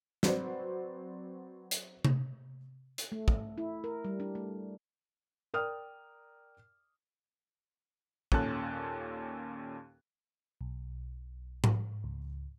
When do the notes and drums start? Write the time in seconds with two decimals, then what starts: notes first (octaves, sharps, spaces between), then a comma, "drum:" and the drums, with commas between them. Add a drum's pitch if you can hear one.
0.23 F#3 C4 F#4 B4 C5 D5, drum: snare
1.71 drum: hi-hat
2.05 drum: tom C3
2.98 drum: hi-hat
3.12 A3
3.28 drum: kick
3.58 E4
3.84 A#4
4.05 G3
4.20 D4
4.35 A3
5.54 A#4 D5 G5 D#6 F6
8.32 D#2 A#2 C#4 A4 A5 F#6, drum: kick
10.61 B1
11.64 drum: tom G#2
12.04 C#2